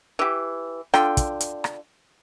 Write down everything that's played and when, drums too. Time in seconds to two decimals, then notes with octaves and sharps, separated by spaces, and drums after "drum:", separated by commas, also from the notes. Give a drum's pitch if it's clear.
0.19 E3 G4
0.94 D3 F4 G5, drum: rim click
1.17 drum: kick, hi-hat
1.41 drum: hi-hat
1.64 drum: rim click